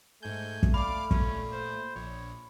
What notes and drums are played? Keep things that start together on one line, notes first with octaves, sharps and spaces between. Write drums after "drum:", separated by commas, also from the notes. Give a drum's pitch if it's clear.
G#2 A3 G#5 G6
drum: kick
D5 F5 B5 D6
A#2 C#4, drum: kick
C5
A#1 C#5